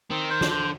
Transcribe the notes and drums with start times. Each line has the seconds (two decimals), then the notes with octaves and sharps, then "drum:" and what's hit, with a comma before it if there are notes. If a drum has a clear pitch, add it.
0.10 D#3 C4
0.30 C5
0.41 D3, drum: snare
0.51 C5